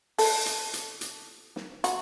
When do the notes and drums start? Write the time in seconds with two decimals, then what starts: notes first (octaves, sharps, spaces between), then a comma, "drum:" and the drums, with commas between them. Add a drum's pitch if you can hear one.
0.18 A4, drum: open hi-hat
0.46 drum: hi-hat
0.73 drum: hi-hat
1.01 drum: hi-hat
1.56 drum: snare
1.84 F#4, drum: hi-hat